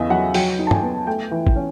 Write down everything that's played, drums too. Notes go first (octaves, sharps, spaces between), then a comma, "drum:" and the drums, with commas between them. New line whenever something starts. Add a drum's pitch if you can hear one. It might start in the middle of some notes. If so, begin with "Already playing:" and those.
Already playing: E2 C#3 D#5 E5
F#3 F#5
F#3 G5, drum: open hi-hat
D#4
A5
G#5, drum: tom
B3
A3 G5
E3
drum: kick
C#4